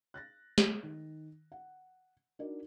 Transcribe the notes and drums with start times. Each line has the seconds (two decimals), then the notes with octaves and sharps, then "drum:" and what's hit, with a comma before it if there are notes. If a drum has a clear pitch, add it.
0.14 F#6 A6 A#6
0.58 drum: snare
0.83 D#3
1.52 F#5
2.39 D4 D#4 F#4 A#4 D5